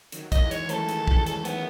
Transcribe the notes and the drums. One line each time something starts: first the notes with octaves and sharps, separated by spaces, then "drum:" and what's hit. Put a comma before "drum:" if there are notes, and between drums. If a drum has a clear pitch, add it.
D#3 F#3, drum: hi-hat
D#5, drum: kick, hi-hat
E3 G#3
C#5, drum: hi-hat
A3 C#4 A4, drum: hi-hat
drum: hi-hat
drum: kick
A4, drum: hi-hat
B3, drum: hi-hat